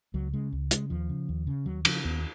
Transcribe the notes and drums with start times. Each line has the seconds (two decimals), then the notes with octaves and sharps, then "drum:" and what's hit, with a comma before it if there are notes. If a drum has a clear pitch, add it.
0.14 C#2 F#3
0.33 C#3 G#3
0.52 C#2
0.71 C#3 G#3, drum: hi-hat
0.90 D#2 F3
1.09 C#3
1.29 D#2
1.47 C#3
1.66 D#2 F#3
1.85 C#3 F3, drum: cymbal
2.05 D#2 B3